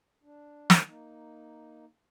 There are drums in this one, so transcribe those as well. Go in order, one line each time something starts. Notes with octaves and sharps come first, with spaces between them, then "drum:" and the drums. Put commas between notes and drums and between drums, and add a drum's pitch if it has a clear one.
D4
drum: snare
A#3 D#4